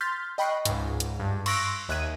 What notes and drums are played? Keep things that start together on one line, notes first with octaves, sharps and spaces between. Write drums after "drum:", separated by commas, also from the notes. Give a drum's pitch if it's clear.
C6 F6 G6 A6 B6
D#5 G5 B5 C#6 F#6 C7
C#2 G#2, drum: hi-hat
drum: hi-hat
G2
C6 C#6 E6 F#6 A#6 D7, drum: cymbal
D#2 E5 F#6 G#6 D#7